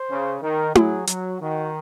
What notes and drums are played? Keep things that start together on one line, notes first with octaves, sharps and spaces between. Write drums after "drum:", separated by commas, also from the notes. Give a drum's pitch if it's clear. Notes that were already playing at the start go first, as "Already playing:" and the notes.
Already playing: C5
C#3
D#3 A#4
F#3 G#4, drum: tom E4
F#3 F#4, drum: hi-hat
D#3 F#4